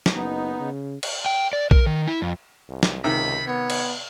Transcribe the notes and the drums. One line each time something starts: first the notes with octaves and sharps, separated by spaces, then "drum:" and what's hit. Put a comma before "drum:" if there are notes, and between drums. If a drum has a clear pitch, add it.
drum: snare
F#1 B3 D#4
C#3
drum: cymbal
G5
D5
A#4, drum: kick A#1
D#3
E4
F2
C2
drum: snare
C#2 C3 D#3 B5
B3 C#5
drum: cymbal